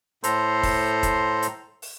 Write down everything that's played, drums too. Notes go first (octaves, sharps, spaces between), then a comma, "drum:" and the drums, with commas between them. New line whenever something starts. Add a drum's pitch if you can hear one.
A2 A4 C5 A#5 C6, drum: hi-hat
drum: kick F1, open hi-hat
drum: kick F1, hi-hat
drum: hi-hat
drum: open hi-hat